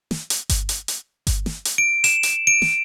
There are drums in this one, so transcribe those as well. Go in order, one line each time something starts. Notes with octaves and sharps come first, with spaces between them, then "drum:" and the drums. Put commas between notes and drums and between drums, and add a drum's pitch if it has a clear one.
drum: snare
drum: hi-hat
drum: kick G1, hi-hat
drum: hi-hat
drum: hi-hat
drum: kick G1, hi-hat
drum: snare
drum: hi-hat
D7
E7, drum: hi-hat
drum: hi-hat
D7
drum: snare